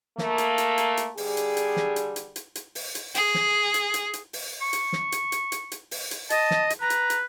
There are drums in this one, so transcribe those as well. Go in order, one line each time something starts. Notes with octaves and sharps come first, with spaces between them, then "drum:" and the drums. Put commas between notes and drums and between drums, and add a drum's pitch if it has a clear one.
A3 A#3, drum: snare
drum: hi-hat
drum: hi-hat
drum: hi-hat
drum: hi-hat
D3 G3 G#4, drum: open hi-hat
drum: hi-hat
drum: hi-hat
drum: snare
drum: hi-hat
drum: hi-hat
drum: hi-hat
drum: hi-hat
drum: open hi-hat
drum: hi-hat
G#4, drum: hi-hat
drum: snare
drum: hi-hat
drum: hi-hat
drum: hi-hat
drum: open hi-hat
C#6
drum: hi-hat
drum: snare
drum: hi-hat
drum: hi-hat
drum: hi-hat
drum: hi-hat
drum: open hi-hat
drum: hi-hat
D#5 A5, drum: hi-hat
drum: snare
drum: hi-hat
B4 A#5
drum: hi-hat
drum: hi-hat